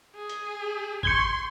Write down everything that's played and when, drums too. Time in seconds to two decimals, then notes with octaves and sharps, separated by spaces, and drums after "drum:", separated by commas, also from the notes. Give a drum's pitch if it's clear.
0.16 G#4
0.29 drum: hi-hat
1.03 C6 C#6 G6 G#6, drum: kick G1